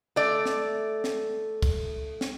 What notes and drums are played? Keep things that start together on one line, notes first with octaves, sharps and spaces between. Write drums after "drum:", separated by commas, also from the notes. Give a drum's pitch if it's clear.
A3 D5
drum: snare
drum: snare
drum: kick, cymbal
drum: snare